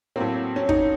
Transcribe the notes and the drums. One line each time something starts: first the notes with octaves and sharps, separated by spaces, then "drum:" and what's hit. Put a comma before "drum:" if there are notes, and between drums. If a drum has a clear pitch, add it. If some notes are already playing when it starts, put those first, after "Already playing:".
A2 F#3 A#3 C4
C#4
D#4, drum: kick